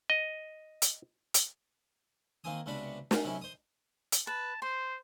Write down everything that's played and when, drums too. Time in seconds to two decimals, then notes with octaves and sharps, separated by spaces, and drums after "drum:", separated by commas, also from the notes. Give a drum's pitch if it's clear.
0.10 D#5
0.82 drum: hi-hat
1.34 drum: hi-hat
2.44 D#3 A#3 C4 G#5 D#6
2.66 C#2 C3 B3 D4 F#4 B5
3.11 D#4 F#4 G#4, drum: snare
3.25 C3 F#3 C#4 E4
3.41 C5 D#6
4.12 drum: hi-hat
4.27 B4 A5
4.62 C5 C6